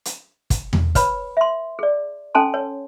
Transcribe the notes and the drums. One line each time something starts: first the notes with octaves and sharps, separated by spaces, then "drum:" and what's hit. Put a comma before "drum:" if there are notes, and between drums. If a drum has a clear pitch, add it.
drum: hi-hat
drum: kick, hi-hat
drum: tom E2
B4 C#5 B5, drum: kick, hi-hat
E5 C6
G#4 D5
C#4 A4 G#5 A5 C6
C#5